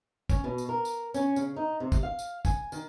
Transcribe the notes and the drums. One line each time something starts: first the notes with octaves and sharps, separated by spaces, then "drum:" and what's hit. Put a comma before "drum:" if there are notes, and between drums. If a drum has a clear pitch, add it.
C#4, drum: kick, tambourine
B2
drum: tambourine
A#4
drum: tambourine
C#4, drum: tambourine
C#3, drum: tambourine
D#4
C3
drum: kick, tambourine
F5
drum: tambourine
G#5, drum: kick, tambourine
D#3, drum: tambourine